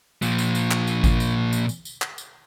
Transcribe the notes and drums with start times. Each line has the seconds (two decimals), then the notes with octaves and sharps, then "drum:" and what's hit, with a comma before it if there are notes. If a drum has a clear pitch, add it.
0.22 A#2 F3, drum: tambourine
0.38 drum: tambourine
0.55 drum: tambourine
0.71 drum: clap
0.87 drum: tambourine
1.04 drum: kick G#1, tambourine
1.20 drum: tambourine
1.53 drum: tambourine
1.69 drum: tambourine
1.85 drum: tambourine
2.02 drum: clap
2.18 drum: tambourine